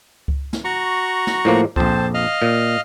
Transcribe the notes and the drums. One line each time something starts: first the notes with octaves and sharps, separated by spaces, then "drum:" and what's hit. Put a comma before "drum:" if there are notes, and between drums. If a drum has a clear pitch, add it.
drum: kick C#2
drum: snare
F#4 A#5 C#6
drum: snare
A2 F3 A#3
A#1 F2 C4 C5 A5, drum: kick C#2
D#5 F5
A#2